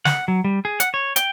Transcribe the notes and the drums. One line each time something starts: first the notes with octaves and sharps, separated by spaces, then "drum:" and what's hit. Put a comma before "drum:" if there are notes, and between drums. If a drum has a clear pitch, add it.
F#5, drum: snare
F#3
G3
G#4
F#5, drum: hi-hat
C#5
G5, drum: hi-hat